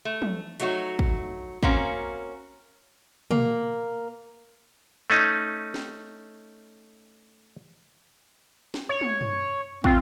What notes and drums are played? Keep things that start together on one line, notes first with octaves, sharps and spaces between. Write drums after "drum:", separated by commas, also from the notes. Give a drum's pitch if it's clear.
A3
drum: tom
F#3 A3 D#4 F#4 C#5, drum: hi-hat
drum: kick
A#3 C4 C#4 F#4 A#4 F5, drum: kick
A#3, drum: tom
A3 C#4 D#4
drum: snare
drum: snare
C#5
drum: tom
drum: tom
C4 F4, drum: kick